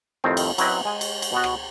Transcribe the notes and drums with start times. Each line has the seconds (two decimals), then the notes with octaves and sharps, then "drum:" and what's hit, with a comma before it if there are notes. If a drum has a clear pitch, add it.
0.24 C2 F2 A2 D#3 C4
0.37 drum: cymbal
0.58 F#3 C4 C#4 E4 B4 D#5, drum: cymbal
0.85 G#3 G#5
1.01 drum: cymbal
1.22 drum: cymbal
1.32 B2 B3 F#4
1.44 drum: rim click